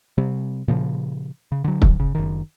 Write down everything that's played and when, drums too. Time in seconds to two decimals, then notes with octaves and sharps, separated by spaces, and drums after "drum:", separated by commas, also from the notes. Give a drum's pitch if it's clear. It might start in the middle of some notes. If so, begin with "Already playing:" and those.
0.18 C3 G3 C4
0.68 A#2 C#3 F3
1.52 C#3
1.64 D3 F#3
1.82 drum: kick
2.00 C#3
2.15 F#1 D#3